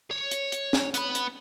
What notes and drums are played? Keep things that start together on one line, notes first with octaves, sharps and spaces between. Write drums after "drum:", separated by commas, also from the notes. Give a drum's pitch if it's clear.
C#5
drum: hi-hat
drum: hi-hat
drum: snare
B3 B5, drum: hi-hat
drum: hi-hat